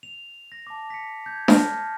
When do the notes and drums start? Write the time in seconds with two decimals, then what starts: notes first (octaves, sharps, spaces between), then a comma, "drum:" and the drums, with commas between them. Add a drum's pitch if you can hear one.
0.03 F7
0.52 A#6
0.67 A5 D6
0.90 B6 C#7
1.26 G6 G#6
1.48 A5 F6 A#6, drum: snare D4